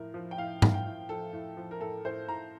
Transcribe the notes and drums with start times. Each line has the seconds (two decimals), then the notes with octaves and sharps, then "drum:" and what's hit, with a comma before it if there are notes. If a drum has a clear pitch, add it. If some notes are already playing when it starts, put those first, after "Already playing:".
Already playing: A2 F3 A#4
0.14 F3
0.31 G5
0.38 A2 F5
0.62 A2, drum: tom G#2
0.74 G5
0.86 A2
1.09 F3 A4
1.33 A2
1.57 F3
1.71 A#4
1.81 A2 A4
2.05 A2 C5
2.28 A2 A#5